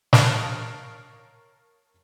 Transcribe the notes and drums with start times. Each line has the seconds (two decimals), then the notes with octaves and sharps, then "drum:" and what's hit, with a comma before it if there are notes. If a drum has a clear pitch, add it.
0.13 A#4 C#5 F5 A5 D#6 F#6, drum: snare